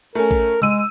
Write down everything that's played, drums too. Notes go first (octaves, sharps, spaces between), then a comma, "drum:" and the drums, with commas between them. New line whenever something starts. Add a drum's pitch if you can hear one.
A3 C#4 A#4
drum: kick A1
G#3 E6 D#7, drum: tom C3